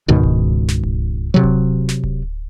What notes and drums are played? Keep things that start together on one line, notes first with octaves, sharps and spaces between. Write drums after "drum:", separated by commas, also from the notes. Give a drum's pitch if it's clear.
C#2 G#2 B2 D#3
drum: kick D1
drum: snare
drum: kick D1
C3 F#3
drum: kick D1
drum: snare
drum: kick D1